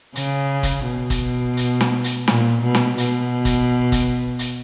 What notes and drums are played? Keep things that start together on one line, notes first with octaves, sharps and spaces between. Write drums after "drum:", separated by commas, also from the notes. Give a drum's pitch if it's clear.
C#3, drum: hi-hat
drum: kick, hi-hat
B2
drum: kick, hi-hat
drum: hi-hat
drum: snare
drum: hi-hat
A#2, drum: snare
B2
drum: snare
B2, drum: hi-hat
drum: kick, hi-hat
drum: kick, hi-hat
drum: hi-hat